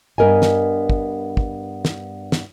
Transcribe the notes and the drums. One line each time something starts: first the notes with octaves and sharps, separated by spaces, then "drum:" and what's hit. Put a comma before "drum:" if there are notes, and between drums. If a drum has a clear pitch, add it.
G2 B3 A#4 D#5 G#5
drum: snare
drum: kick
drum: kick
drum: snare
drum: snare